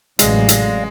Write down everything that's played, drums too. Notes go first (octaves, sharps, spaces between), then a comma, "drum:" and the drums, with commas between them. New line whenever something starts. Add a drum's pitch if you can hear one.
A1 A2 C3 F#3 G#3 D5 F5 A#6, drum: hi-hat
drum: hi-hat